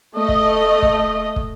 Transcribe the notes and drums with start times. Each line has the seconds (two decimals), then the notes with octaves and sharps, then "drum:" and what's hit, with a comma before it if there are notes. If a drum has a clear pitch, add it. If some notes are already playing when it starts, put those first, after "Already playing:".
0.15 A3 D#5
0.29 drum: kick
0.82 drum: kick
1.36 drum: kick